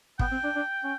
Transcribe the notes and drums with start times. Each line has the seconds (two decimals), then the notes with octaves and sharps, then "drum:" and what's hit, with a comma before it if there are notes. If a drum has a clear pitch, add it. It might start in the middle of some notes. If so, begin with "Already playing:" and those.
0.19 B3 G5, drum: kick G#1
0.31 C4
0.44 D4
0.55 D4
0.83 C#4